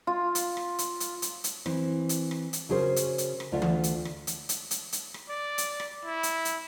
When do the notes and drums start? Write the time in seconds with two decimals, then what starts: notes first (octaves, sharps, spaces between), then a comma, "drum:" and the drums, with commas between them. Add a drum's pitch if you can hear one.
0.07 F4
0.35 drum: hi-hat
0.57 drum: rim click
0.79 drum: hi-hat
1.00 drum: hi-hat
1.22 drum: hi-hat
1.44 drum: hi-hat
1.66 E3 C4, drum: rim click
2.09 drum: hi-hat
2.31 drum: rim click
2.53 drum: hi-hat
2.69 C#3 C#4 F#4 G#4 A#4 C5
2.96 drum: hi-hat
3.18 drum: hi-hat
3.40 drum: rim click
3.52 D2 F4 D5 E5 F5
3.62 drum: tom E3
3.84 drum: hi-hat
4.05 drum: rim click
4.27 drum: hi-hat
4.49 drum: hi-hat
4.71 drum: hi-hat
4.92 drum: hi-hat
5.14 drum: rim click
5.29 D5
5.58 drum: hi-hat
5.80 drum: rim click
6.05 E4
6.23 drum: hi-hat
6.45 drum: hi-hat